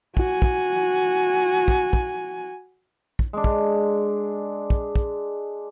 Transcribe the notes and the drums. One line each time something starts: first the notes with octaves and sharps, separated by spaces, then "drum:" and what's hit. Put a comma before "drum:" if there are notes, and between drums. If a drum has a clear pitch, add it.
F#4 G#5, drum: kick
drum: kick
drum: kick
drum: kick
drum: kick
G#3 D4
drum: kick
drum: kick
drum: kick